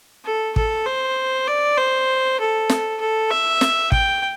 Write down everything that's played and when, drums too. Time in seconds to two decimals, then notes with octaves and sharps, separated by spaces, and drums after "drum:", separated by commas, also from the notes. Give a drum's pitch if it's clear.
0.25 A4
0.56 A4, drum: kick
0.86 C5
1.48 D5
1.77 C5
2.40 A4
2.69 drum: snare
3.00 A4
3.31 E5
3.61 drum: snare
3.92 G5, drum: kick